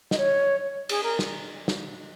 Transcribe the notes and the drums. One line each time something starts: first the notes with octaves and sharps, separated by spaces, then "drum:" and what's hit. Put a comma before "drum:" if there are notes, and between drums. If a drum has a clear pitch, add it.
D#5, drum: snare
C#5
G#4, drum: cymbal
A#4
drum: snare
drum: snare